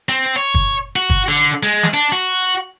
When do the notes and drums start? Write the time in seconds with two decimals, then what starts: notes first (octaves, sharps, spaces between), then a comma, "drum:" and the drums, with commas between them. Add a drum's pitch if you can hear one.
0.09 C4
0.36 C#5
0.54 drum: kick
0.96 F#4
1.10 drum: kick
1.28 D3
1.63 G#3
1.83 drum: snare
1.94 D4
2.12 F#4